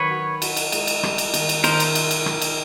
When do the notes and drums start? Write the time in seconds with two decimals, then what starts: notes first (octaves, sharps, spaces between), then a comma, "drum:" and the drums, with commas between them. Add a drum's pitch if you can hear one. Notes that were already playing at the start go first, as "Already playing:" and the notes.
Already playing: D#3 F#3 B4 C#5
0.10 F#4
0.42 F#4, drum: cymbal
0.57 drum: cymbal
0.72 G#3, drum: cymbal
0.87 drum: cymbal
1.03 G3, drum: rim click
1.18 drum: cymbal
1.34 D#3, drum: cymbal
1.49 drum: cymbal
1.64 D#3 A#4 C5, drum: cymbal
1.80 drum: cymbal
1.95 drum: cymbal
2.11 drum: cymbal
2.26 drum: rim click
2.42 drum: cymbal